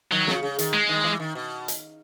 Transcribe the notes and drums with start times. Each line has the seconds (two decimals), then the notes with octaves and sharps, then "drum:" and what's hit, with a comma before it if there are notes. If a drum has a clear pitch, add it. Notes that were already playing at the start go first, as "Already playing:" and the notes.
0.12 D#3 F#3
0.27 C#3, drum: snare
0.43 C#3
0.59 D#3, drum: hi-hat
0.73 G#3
0.89 D#3
1.04 E3
1.20 D#3
1.35 B2
1.68 drum: hi-hat